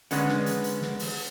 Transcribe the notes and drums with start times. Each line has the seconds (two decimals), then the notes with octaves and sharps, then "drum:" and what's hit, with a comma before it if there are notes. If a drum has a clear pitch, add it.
0.11 D3 G#3 B3 C#4, drum: hi-hat
0.28 drum: snare
0.46 drum: hi-hat
0.64 drum: hi-hat
0.82 drum: snare
0.99 drum: open hi-hat